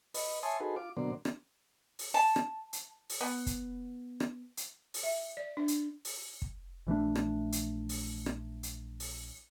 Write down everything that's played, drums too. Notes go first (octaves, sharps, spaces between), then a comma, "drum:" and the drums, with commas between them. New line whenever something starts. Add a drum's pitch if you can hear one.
B4 D#5, drum: open hi-hat
C#5 E5 G#5 A5 C6 D#6
D#4 F#4 G#4 A4 B4 C5
F4 D6
B2 D3 F#3 A#3 C5 D5
drum: rim click
drum: open hi-hat
A5
drum: rim click
drum: hi-hat
drum: open hi-hat
B3
drum: kick, hi-hat
drum: rim click
drum: hi-hat
drum: open hi-hat
E5
D5
D4
drum: hi-hat
drum: open hi-hat
drum: kick
A#1 E3 A3 D4
drum: rim click
drum: hi-hat
drum: open hi-hat
drum: rim click
drum: hi-hat
drum: open hi-hat